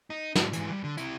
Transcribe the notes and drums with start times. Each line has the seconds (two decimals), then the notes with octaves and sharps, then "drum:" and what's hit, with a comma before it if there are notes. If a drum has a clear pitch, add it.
0.10 D#4
0.35 G#2 D4, drum: snare
0.53 G#2 E3, drum: hi-hat
0.71 G2
0.84 D3
0.97 C3 E4, drum: hi-hat